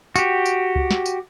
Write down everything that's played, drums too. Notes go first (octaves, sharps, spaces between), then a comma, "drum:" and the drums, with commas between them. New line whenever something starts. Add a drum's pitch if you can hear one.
F#4 G4, drum: tambourine
drum: tambourine
drum: kick C#2
drum: snare
drum: tambourine